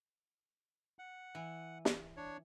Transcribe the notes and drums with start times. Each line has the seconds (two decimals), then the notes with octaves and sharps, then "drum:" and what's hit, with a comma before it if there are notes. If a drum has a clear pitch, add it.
0.99 F#5
1.35 E3
1.85 drum: snare
2.17 D4 C#5